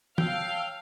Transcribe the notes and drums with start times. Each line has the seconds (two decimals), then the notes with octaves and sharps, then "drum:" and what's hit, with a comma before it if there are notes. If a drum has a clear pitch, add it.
0.18 C#5 F5 G5 A5 E6, drum: tom